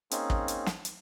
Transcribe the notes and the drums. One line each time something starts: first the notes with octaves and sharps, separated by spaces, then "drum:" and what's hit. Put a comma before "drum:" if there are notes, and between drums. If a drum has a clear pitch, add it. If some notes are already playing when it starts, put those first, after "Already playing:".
A#3 C4 C#4 D#4 G#4, drum: hi-hat
drum: kick
drum: hi-hat
drum: snare
drum: hi-hat